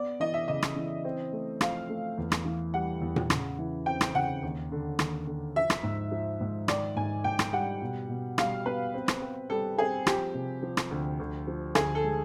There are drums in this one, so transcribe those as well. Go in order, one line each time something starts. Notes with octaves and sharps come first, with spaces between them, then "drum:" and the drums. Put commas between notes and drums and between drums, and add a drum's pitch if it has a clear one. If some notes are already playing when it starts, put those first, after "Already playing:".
Already playing: B3 D5
E3 D#5
E5
C#3 D#5
drum: rim click
E3
C4
A3
F3 F5, drum: rim click
A3
E2
drum: rim click
E3
G3 F#5
E2
drum: tom A#2
C#3, drum: rim click
E3
C4 G5
drum: rim click
C#3 F#5
D#2
D3
D#2, drum: rim click
D3
F3 E5
drum: rim click
G#2
F3
G#2
D#3 D5, drum: rim click
G#2 G#5
G#2 G5
drum: rim click
G3 F#5
B2
B2
G3 F5, drum: rim click
B3 B4
C4
drum: rim click
C4
G3 A4
C4 G#4
F3 G4, drum: rim click
C3
F3
drum: rim click
D2
D2
F3
D2 G#4, drum: rim click
A4
G#3